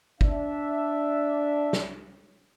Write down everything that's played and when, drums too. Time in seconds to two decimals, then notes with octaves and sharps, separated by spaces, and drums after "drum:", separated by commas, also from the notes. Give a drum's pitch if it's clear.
0.21 D4 E5, drum: kick
1.73 drum: snare